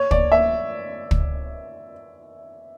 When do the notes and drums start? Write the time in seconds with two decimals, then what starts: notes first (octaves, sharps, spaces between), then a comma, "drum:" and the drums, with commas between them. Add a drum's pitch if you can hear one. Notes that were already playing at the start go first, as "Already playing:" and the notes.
Already playing: C#5
0.11 D5, drum: kick
0.32 E5
1.11 drum: kick